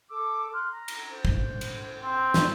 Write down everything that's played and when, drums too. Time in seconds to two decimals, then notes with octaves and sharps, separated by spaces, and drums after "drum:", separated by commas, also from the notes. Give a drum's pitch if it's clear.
0.10 A4 D6 E6
0.52 C6 F6 F#6
0.70 A#5
0.88 drum: cymbal
1.08 C5
1.25 drum: kick
1.61 drum: cymbal
2.03 C4
2.34 drum: snare